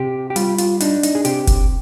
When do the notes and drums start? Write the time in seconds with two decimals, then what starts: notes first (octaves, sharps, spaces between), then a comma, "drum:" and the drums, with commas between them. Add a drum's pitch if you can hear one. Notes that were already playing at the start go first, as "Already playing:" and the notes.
Already playing: C3 G4
0.30 G4
0.36 G3 F4, drum: hi-hat
0.58 F4, drum: hi-hat
0.80 D4 D#4, drum: hi-hat
1.03 D#4, drum: hi-hat
1.15 G#4
1.25 C3 G4, drum: hi-hat
1.47 drum: kick F1, hi-hat